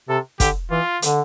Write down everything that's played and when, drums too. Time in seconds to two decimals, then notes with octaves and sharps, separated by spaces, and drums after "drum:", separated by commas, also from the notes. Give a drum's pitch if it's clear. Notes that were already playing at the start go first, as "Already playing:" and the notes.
0.09 C3 A4
0.40 D3 G4, drum: kick, hi-hat
0.71 E3 F4
1.02 D3, drum: hi-hat